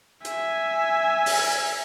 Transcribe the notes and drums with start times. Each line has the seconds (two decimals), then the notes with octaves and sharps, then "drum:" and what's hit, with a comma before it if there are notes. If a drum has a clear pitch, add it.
0.25 E5 G#5, drum: hi-hat
1.26 drum: open hi-hat